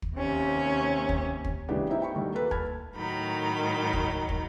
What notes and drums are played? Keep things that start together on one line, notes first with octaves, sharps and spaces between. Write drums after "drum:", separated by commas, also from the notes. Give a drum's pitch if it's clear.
drum: kick
D#2 C3 C#4
drum: kick
drum: kick
A#2 C#3 E3 G#3 D4 G4
C4 D#4 E4 E5
G5 B5 C#6
D2 D#3 G3
A#3 A4 B4
A5 B5 F6 G#6, drum: kick
A2 D#3 F#3 B5
drum: kick
drum: kick